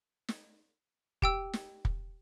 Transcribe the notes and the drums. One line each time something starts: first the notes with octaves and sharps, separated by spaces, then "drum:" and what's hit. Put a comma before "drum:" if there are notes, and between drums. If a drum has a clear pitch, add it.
drum: snare
G4 G5 E6, drum: kick
drum: snare
drum: kick